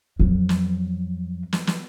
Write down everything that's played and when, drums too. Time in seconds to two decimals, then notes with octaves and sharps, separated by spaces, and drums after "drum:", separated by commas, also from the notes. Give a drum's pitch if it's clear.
0.20 F2 F#3
0.49 drum: snare
1.53 drum: snare
1.67 drum: snare